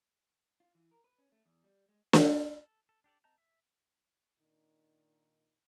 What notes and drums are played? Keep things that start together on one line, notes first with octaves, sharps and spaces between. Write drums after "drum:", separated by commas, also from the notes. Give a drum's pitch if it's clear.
F4
E3
A#4
B4
C#4
A3
E2
G3
G#3
drum: snare
C#5
A4
A4
D4 G4 A4 D5
C4 D#5 A5 A#5 G6
E5
A#2 D#3 D4 D#4